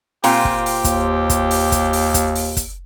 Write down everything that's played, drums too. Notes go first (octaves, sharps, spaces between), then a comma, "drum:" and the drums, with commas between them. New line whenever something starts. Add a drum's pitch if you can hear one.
A#2 C4 F4 G4, drum: open hi-hat
drum: kick
drum: open hi-hat
D#2, drum: kick, hi-hat
drum: kick, hi-hat
drum: open hi-hat
drum: kick, hi-hat
drum: open hi-hat
drum: kick, hi-hat
drum: open hi-hat
drum: kick, hi-hat